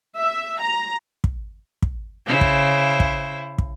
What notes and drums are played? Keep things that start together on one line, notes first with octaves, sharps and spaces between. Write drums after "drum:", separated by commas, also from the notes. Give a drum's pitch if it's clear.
E5
A#5
drum: kick
drum: kick
C#3 E4 C5
drum: kick
drum: kick
drum: kick